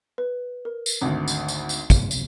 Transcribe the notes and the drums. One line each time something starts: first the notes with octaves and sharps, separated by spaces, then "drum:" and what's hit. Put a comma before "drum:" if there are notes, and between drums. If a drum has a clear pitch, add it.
B4
A#4
drum: tambourine
G#1 D2
drum: tambourine
drum: tambourine
drum: tambourine
drum: kick, tambourine
drum: tambourine